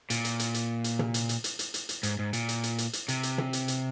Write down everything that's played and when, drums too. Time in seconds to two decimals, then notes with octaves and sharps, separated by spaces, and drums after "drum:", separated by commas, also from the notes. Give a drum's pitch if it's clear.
0.10 A#2, drum: hi-hat
0.25 drum: hi-hat
0.39 drum: hi-hat
0.54 drum: hi-hat
0.84 drum: hi-hat
0.99 drum: tom
1.14 drum: hi-hat
1.29 drum: hi-hat
1.44 drum: hi-hat
1.59 drum: hi-hat
1.74 drum: hi-hat
1.89 drum: hi-hat
2.03 G#2, drum: hi-hat
2.19 G#2
2.33 A#2, drum: hi-hat
2.49 drum: hi-hat
2.63 drum: hi-hat
2.78 drum: hi-hat
2.93 drum: hi-hat
3.08 C3, drum: hi-hat
3.23 drum: hi-hat
3.38 drum: tom
3.53 drum: hi-hat
3.68 drum: hi-hat